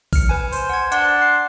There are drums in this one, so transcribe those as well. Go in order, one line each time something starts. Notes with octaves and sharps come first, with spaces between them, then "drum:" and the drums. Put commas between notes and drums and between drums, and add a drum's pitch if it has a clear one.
F6 C#7, drum: kick A#1, open hi-hat
B4 G#5
C5, drum: open hi-hat
F#5 G#6
D4 F#5 C6, drum: hi-hat
C7